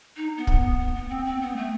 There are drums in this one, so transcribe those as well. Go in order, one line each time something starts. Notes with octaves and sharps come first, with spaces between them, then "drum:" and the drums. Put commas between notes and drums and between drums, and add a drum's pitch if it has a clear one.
D#4
B3
drum: kick
B3
B3
C4
C4
B3
A3